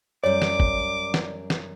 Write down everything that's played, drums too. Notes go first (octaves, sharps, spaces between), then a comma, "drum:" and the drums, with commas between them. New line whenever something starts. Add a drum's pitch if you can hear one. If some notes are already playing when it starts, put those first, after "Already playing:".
F#2 G3 C#5 D5 D6
drum: snare
drum: kick G#1
drum: snare
drum: snare